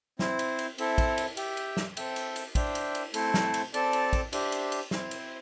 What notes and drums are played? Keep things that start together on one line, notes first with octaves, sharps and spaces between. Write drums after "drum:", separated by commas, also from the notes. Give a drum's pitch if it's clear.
C4 E4 C5, drum: snare
drum: cymbal
drum: cymbal
C4 E4 A4 E5, drum: cymbal
drum: kick, cymbal
drum: cymbal
G4 E5 G5, drum: cymbal
drum: cymbal
drum: snare
C4 A4 E5 G5, drum: cymbal
drum: cymbal
drum: cymbal
D4 C5 E5 G5, drum: kick, cymbal
drum: cymbal
drum: cymbal
A3 C4 E4 A4 C5, drum: cymbal
drum: snare
drum: cymbal
C4 A4 D5 A5, drum: cymbal
drum: cymbal
drum: kick, cymbal
D4 G4 C5 E5, drum: cymbal
drum: cymbal
drum: cymbal
C4 E4 C5, drum: snare
drum: cymbal